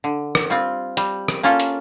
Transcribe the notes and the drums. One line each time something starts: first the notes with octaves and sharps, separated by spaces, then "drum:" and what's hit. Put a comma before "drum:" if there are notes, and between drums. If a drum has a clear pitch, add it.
D3
drum: rim click
G3 C4 F4
G3, drum: hi-hat
drum: rim click
A#3 C#4 F4 A4
drum: hi-hat